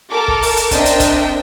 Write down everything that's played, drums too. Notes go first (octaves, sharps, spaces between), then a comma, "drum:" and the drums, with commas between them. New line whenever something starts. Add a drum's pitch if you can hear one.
A4 A#4 D6
drum: kick
drum: open hi-hat
drum: hi-hat
C4 D4 A#4 D#5 E5 G5, drum: kick, hi-hat
drum: hi-hat
drum: kick, hi-hat